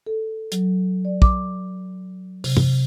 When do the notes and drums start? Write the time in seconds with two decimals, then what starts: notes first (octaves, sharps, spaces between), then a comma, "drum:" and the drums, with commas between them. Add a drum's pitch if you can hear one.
0.07 A4
0.52 F#3, drum: hi-hat
1.05 D5
1.22 D6, drum: kick
2.44 C3, drum: open hi-hat
2.57 drum: tom